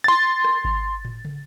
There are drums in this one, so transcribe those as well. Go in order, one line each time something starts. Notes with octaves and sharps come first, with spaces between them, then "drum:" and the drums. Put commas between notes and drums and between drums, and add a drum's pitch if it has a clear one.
C6 A6
drum: rim click
drum: kick G#1
drum: tom
drum: tom